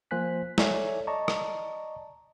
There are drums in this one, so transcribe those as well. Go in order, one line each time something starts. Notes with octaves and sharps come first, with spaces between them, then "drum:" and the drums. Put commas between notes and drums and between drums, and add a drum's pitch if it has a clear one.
F3 A#3 C5 G#5 F#6 B6
A4 C#5 D5 E5 G#5, drum: snare
D5 D#5 A5 A#5 C#6
drum: rim click